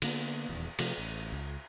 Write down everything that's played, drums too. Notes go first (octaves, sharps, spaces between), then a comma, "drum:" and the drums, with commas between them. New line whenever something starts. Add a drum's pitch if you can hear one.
D3 A#3 B3, drum: cymbal
D#1 E2
C3 F3 A3, drum: cymbal
A1
C#2